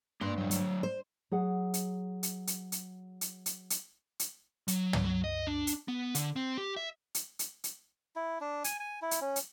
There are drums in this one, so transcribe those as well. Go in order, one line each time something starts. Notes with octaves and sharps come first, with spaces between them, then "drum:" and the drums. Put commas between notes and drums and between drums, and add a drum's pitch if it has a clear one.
G2 A#3 C6
A2 F#3
F#3 A3, drum: hi-hat
C5
F#3 G#4 F#5
drum: hi-hat
drum: hi-hat
drum: hi-hat
drum: hi-hat
drum: hi-hat
drum: hi-hat
drum: hi-hat
drum: hi-hat
F#3, drum: hi-hat
drum: tom
F#3
D#5
D4
drum: hi-hat
B3
D3, drum: hi-hat
C4
G4
E5
drum: hi-hat
drum: hi-hat
drum: hi-hat
E4
D4
G#5, drum: hi-hat
G#5
E4
drum: hi-hat
C#4
drum: hi-hat